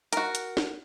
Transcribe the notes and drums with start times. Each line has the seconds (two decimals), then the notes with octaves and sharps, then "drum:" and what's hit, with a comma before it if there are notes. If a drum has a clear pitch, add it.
0.13 F#4 A#4, drum: hi-hat
0.35 drum: hi-hat
0.57 drum: snare